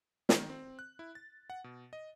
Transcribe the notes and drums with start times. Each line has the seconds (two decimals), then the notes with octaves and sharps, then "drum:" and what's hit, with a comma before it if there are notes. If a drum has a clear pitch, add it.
0.29 D#3, drum: snare
0.50 C4
0.79 F#6
0.99 E4
1.15 A6
1.50 F#5
1.64 B2
1.93 D#5